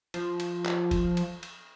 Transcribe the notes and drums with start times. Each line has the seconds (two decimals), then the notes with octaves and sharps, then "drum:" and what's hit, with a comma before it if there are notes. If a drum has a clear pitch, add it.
0.14 F3, drum: cymbal
0.40 drum: cymbal
0.65 drum: clap
0.91 drum: kick F1, cymbal
1.17 drum: cymbal
1.43 drum: cymbal